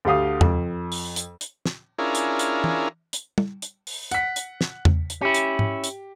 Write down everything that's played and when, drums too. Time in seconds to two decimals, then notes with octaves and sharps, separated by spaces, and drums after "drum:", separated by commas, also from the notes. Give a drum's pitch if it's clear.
0.05 D2 D3 G4 F5 D#6
0.41 F2, drum: tom E2
0.92 drum: open hi-hat
1.16 drum: hi-hat
1.41 drum: hi-hat
1.66 drum: snare
1.99 C#4 D4 E4 F4 G#4 A#4
2.15 drum: hi-hat
2.39 drum: hi-hat
2.64 drum: tom
3.13 drum: hi-hat
3.38 drum: tom
3.62 drum: hi-hat
3.87 drum: open hi-hat
4.11 F#5 B6, drum: hi-hat
4.36 drum: hi-hat
4.61 drum: snare
4.85 drum: tom E2
5.10 drum: hi-hat
5.21 C#4 E4 G4
5.34 drum: hi-hat
5.59 drum: tom G#2
5.84 drum: hi-hat